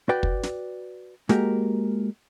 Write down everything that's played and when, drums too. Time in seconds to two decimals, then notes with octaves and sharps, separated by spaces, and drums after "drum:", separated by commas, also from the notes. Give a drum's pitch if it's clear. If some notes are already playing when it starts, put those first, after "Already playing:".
0.09 F#4 B4 D5 G5
0.23 drum: kick
0.43 drum: snare
1.29 G#3 A#3 F#4 G4 A#4, drum: snare